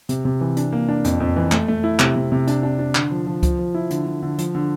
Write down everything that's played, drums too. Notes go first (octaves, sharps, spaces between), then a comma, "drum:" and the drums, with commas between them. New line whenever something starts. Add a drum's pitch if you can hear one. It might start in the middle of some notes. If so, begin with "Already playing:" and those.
C3, drum: hi-hat
C3
E3
D4, drum: hi-hat
A#3
D4
F2, drum: hi-hat
F2
E3
A3, drum: clap
A3
E4
C3, drum: clap
C3
C3
D4, drum: hi-hat
D4
D4
D3, drum: clap
F3
F3
F3, drum: kick C#2, hi-hat
F3
E4
D3, drum: hi-hat
D3
D3
F3, drum: hi-hat
D3